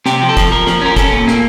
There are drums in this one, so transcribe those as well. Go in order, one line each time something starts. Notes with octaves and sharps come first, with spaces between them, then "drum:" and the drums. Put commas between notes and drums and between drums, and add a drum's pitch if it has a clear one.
C3 G4, drum: snare
F3
A4
F3, drum: kick, hi-hat
F3 A#4
F3, drum: snare
C#4 A#4
C#4 A4, drum: kick, hi-hat
A#2
A#3, drum: snare